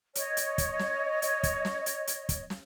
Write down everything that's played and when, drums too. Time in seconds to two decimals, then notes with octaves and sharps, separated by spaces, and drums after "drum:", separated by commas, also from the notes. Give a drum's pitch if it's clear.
0.15 C#5 D#5, drum: hi-hat
0.37 drum: hi-hat
0.58 drum: kick, hi-hat
0.79 drum: snare
1.22 drum: hi-hat
1.43 drum: kick, hi-hat
1.65 drum: snare
1.86 drum: hi-hat
2.07 drum: hi-hat
2.29 drum: kick, hi-hat
2.50 drum: snare